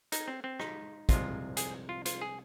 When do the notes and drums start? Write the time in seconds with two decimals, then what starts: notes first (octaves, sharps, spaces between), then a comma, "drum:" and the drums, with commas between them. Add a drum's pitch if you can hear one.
0.12 D#4, drum: hi-hat
0.28 C4
0.44 C4
0.60 D#4, drum: rim click
1.09 C2 C3 F3 G#3 F4, drum: kick, hi-hat
1.57 G#4, drum: hi-hat
1.89 F4
2.05 F4, drum: hi-hat
2.21 G#4